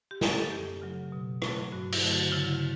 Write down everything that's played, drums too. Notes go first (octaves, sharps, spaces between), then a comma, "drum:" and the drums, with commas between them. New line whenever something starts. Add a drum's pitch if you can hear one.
G4
A3 C#4, drum: snare
A4
F#2 G4
C#3 F#3
B2
F#3 A3 C#4, drum: rim click
G2 F#4
E4, drum: cymbal
D3 F#3 A3
F#4
C#3 E4